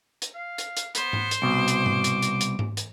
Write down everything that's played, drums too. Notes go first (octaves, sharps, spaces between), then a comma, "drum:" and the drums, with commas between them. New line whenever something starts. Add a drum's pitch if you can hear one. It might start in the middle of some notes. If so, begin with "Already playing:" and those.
drum: hi-hat
F5
drum: hi-hat
drum: hi-hat
B3 C5, drum: hi-hat
drum: tom G#2
drum: hi-hat
C2 B2 D6
drum: hi-hat
drum: tom G#2
drum: hi-hat
drum: hi-hat
drum: hi-hat
drum: tom G#2
drum: hi-hat